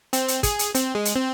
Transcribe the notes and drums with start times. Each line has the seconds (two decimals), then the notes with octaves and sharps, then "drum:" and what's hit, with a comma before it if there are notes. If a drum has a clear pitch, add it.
0.13 C4, drum: hi-hat
0.28 drum: hi-hat
0.43 G#4, drum: kick, hi-hat
0.59 drum: hi-hat
0.75 C4, drum: hi-hat
0.95 G#3
1.05 drum: hi-hat
1.16 C4